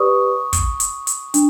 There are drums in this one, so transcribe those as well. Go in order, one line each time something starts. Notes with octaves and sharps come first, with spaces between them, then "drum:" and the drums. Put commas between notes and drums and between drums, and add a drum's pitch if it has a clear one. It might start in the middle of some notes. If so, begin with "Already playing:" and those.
Already playing: G4 B4 D5 C#6 D#6
drum: kick, hi-hat
drum: hi-hat
drum: hi-hat
D4, drum: hi-hat